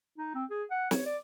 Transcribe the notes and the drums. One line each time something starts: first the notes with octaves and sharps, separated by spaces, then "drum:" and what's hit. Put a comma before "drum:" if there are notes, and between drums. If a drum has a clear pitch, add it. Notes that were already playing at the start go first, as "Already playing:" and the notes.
D#4
C4
G#4
F#5
C#5, drum: snare
D5